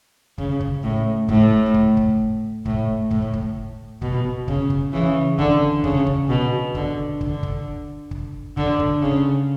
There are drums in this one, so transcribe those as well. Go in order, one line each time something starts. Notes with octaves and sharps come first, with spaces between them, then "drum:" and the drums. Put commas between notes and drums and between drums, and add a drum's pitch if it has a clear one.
C#3, drum: kick
drum: kick
A2
A2, drum: kick
drum: kick
drum: kick
A2, drum: kick
A2, drum: kick
drum: kick
B2, drum: kick
C#3, drum: kick
drum: kick
C#3 E3
D3, drum: kick
C#3, drum: kick
drum: kick
B2
D3, drum: kick
D3, drum: kick
drum: kick
drum: kick
D3, drum: kick
drum: kick
C#3